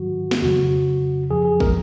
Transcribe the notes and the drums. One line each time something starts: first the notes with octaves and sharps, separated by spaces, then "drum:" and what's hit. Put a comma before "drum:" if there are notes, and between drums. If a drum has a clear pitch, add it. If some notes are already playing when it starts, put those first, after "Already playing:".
Already playing: G#2 D#3 F#3 F#4
drum: snare
F2 C#3 F#3 F#4
F2 F3 G#4
G#4
A#4, drum: kick